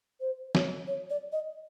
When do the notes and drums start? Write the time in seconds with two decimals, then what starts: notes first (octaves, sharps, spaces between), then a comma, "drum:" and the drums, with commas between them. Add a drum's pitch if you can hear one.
0.21 C5
0.55 C#5, drum: snare
0.87 C#5
1.10 D5
1.32 D#5